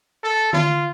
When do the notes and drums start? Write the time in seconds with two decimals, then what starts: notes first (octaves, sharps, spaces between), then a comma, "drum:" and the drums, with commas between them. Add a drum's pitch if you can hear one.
0.24 A4
0.53 F4, drum: tom D3